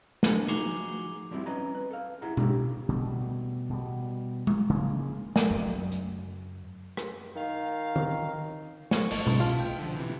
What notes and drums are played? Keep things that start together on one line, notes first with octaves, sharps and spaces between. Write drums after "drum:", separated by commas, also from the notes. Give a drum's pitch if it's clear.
D4, drum: snare
F3 A3 D#4 F#4 G#4 D6 F7 G7
F3 G3 C4 E4 F#4
C#4 B4 D#5 G#5 A#5
B4
A4 F5
E4 G#4 F#5 A#5
C#4 D4 G4 A4, drum: tom B2
B2 G3 A3
B2 G3
drum: tom G#3
C#3 G#3 A#3
drum: snare
F#2 C#3
drum: hi-hat
drum: rim click
D#3 F5
drum: tom D#3
C#6, drum: snare
G#1 A5 C#6, drum: cymbal
drum: tom B2
C2 F4 F5 A5
G5
D3 F3
C3 E3